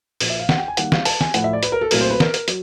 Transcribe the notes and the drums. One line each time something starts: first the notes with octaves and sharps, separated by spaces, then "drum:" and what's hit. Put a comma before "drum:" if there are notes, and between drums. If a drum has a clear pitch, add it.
A#2 F3 A#3, drum: open hi-hat
E5
F5
F#5, drum: snare
G5
G#5
D#3 G3 A#3 F#5, drum: hi-hat
F5, drum: snare
A5, drum: open hi-hat
G#5, drum: snare
A2 F3 A3 F#5, drum: hi-hat
E5
D5
B4, drum: hi-hat
A#4
A4
A#2 F#3 A3 C4 A#4, drum: open hi-hat
C5
B4
A#4, drum: snare
drum: hi-hat
F#3, drum: hi-hat